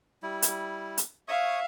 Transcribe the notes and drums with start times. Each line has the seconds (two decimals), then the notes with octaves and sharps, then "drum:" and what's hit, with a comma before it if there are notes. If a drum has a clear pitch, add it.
0.23 G3 E4
0.42 drum: hi-hat
0.98 drum: hi-hat
1.28 C#5 E5 F5 C#6 D#6